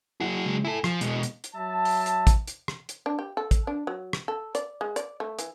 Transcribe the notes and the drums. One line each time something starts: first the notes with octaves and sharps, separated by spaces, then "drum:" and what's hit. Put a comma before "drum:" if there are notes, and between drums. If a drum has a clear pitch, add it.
F#3 E4 G#4 F#5
C#3 G#3
E4 A4 G#5
F3, drum: rim click
B2 G#3, drum: hi-hat
drum: hi-hat
drum: hi-hat
F#3 E5 A5
drum: open hi-hat
drum: hi-hat
drum: kick, hi-hat
drum: hi-hat
drum: rim click
drum: hi-hat
D4
G4
A4
drum: kick, hi-hat
D4
F#3
drum: rim click
A4
D5, drum: hi-hat
G#3
D5, drum: hi-hat
A3
E3, drum: hi-hat